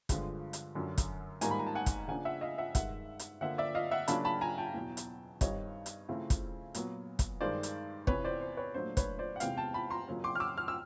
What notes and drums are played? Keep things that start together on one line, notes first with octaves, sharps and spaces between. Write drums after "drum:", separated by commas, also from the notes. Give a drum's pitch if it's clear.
G2 D3 F3 G#3, drum: kick, hi-hat
drum: hi-hat
F#2 D3 F#3
drum: kick, hi-hat
G#2 D#3 G3 A#3 G#5 A#5, drum: hi-hat
B5
A#5
A5
F#5 G#5
drum: kick, hi-hat
C#3 F3 A#3 D4 F#5 G#5
E5 F#5
D#5 F5
E5 F#5
G2 D#3 G#3 E5 F#5, drum: kick, hi-hat
drum: hi-hat
D3 F3 A#3 E5 F#5
D5 E5
D#5 F5
E5 F#5
C#3 F#3 A#3 D4 A5 B5, drum: hi-hat
A5 B5
G#5 A#5
G5 A5
E2 B2 F#3
drum: hi-hat
G2 D#3 G3 C4 C#5 D#5, drum: kick, hi-hat
drum: hi-hat
C#3 F3 A3 C4 E4
drum: kick, hi-hat
A#2 F#3 B3, drum: hi-hat
drum: kick, hi-hat
G2 D#3 G#3 C5 D5
drum: hi-hat
E2 C3 E3 B4 C#5, drum: kick
C5 D5
C5
B4 C#5
A#2 F#3 A3 D4 F4 C5
B4 C#5, drum: kick, hi-hat
C5 D5
F#5
E2 C3 E3 G#3 B3 F5 G5, drum: hi-hat
G5 A5
A5 B5
A#5 C6
F2 C#3 F#3 A#3 C#4
C6 D6
F6
D6 E6
F6
E6